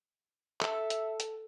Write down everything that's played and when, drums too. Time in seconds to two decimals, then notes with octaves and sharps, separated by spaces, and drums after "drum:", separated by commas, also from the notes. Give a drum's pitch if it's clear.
0.61 A4 E5, drum: clap
0.90 drum: hi-hat
1.20 drum: hi-hat